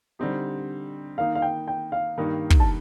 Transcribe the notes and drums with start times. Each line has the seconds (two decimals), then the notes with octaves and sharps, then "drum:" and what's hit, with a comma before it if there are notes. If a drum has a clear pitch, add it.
0.19 D3 G3 C4 D#4 G4
1.18 D#3 A#3 D#4 F5
1.35 F5
1.42 G5
1.68 G5
1.92 F5
2.18 G2 D#3 A#3 D#4
2.50 drum: kick
2.60 A5